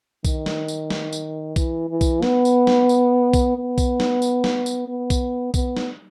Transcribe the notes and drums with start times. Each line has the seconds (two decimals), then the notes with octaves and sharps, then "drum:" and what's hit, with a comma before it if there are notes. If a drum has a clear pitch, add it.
0.25 D#3, drum: kick B1, tambourine
0.46 drum: snare
0.68 drum: tambourine
0.90 drum: snare
1.13 drum: tambourine
1.56 E3, drum: kick B1, tambourine
1.89 E3
2.01 drum: kick B1, tambourine
2.23 B3, drum: snare
2.45 drum: tambourine
2.67 drum: snare
2.89 drum: tambourine
3.33 drum: kick B1, tambourine
3.56 B3
3.78 drum: kick B1, tambourine
4.00 drum: snare
4.22 drum: tambourine
4.44 drum: snare
4.66 drum: tambourine
4.88 B3
5.10 drum: kick B1, tambourine
5.54 B3, drum: kick B1, tambourine
5.77 drum: snare